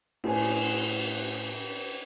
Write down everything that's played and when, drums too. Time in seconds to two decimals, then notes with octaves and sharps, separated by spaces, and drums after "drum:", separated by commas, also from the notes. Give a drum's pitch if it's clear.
0.24 A2 G#5, drum: cymbal